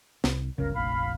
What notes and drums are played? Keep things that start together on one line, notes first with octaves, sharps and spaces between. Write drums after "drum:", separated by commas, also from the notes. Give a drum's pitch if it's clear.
C2, drum: snare
G1 C#2 C#3 A#4
F1 A#1 F5 B5